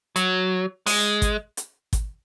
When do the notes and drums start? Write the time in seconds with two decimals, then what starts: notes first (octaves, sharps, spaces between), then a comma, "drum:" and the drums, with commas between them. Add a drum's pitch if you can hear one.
0.16 F#3, drum: hi-hat
0.86 G#3, drum: open hi-hat
1.22 drum: kick G#1, hi-hat
1.57 drum: hi-hat
1.93 drum: kick G#1, hi-hat